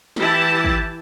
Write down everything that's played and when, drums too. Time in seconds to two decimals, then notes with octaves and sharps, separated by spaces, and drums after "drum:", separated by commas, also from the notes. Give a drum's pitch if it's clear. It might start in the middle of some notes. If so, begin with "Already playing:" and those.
0.16 E3 E4 G4 A5, drum: snare
0.64 drum: kick